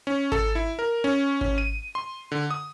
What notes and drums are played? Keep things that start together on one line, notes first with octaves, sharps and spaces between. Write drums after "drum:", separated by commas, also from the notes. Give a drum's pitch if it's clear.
C#4
A4, drum: kick G#1
E4
A#4
C#4
C#4, drum: kick G#1
D#7
C6
D3
D#6